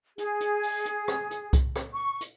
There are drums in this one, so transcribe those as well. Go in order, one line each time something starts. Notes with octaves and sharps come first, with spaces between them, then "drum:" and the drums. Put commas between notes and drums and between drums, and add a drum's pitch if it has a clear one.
G#4, drum: hi-hat
drum: hi-hat
drum: open hi-hat
drum: hi-hat
drum: rim click
drum: hi-hat
drum: kick C2, hi-hat
drum: rim click
C#6
drum: hi-hat